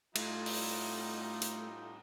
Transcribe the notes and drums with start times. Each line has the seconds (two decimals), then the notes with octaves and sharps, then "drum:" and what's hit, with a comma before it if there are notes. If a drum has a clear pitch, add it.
0.15 A2 G3 A3 D#4 F4, drum: cymbal
0.46 drum: open hi-hat
1.42 drum: hi-hat